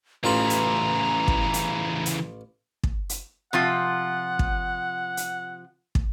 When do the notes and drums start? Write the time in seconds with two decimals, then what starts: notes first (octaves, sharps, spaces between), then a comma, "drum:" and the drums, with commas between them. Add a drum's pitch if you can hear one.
0.24 A1 C#3 E3 F4 A#5 B5
0.50 drum: hi-hat
1.28 drum: kick
1.54 drum: hi-hat
2.06 drum: hi-hat
2.83 drum: kick
3.09 drum: hi-hat
3.53 C3 F3 F4 F#5
4.39 drum: kick
5.17 drum: hi-hat
5.95 drum: kick